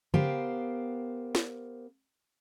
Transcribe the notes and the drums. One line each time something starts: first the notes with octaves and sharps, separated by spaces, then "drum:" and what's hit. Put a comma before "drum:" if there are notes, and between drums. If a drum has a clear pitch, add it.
B3 G4 A#4 C5 F5 G5, drum: tom C#3
drum: snare